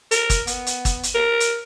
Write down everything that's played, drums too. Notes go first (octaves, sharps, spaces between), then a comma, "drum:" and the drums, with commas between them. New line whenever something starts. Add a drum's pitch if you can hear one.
A#4, drum: hi-hat
drum: kick, hi-hat
B3, drum: hi-hat
drum: hi-hat
drum: kick, hi-hat
drum: hi-hat
A#4
drum: hi-hat